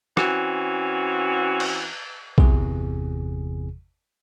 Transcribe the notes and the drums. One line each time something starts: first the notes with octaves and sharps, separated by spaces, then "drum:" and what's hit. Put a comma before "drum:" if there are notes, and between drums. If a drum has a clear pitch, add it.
E3 C4 C#4 F#4, drum: rim click
drum: cymbal
G1 E2 C3 E3 G#4, drum: kick B1